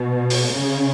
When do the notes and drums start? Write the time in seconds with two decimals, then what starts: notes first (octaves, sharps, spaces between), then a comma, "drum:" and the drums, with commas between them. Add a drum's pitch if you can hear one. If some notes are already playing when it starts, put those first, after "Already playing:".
Already playing: B2
0.30 drum: open hi-hat
0.55 C#3